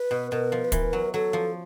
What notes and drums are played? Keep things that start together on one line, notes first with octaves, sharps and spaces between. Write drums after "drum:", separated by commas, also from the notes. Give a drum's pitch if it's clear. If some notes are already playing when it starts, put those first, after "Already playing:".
Already playing: B4
B2
B2 A#4
F3
B4
E3 A#4, drum: kick, hi-hat
F#3
F#3 A4
F3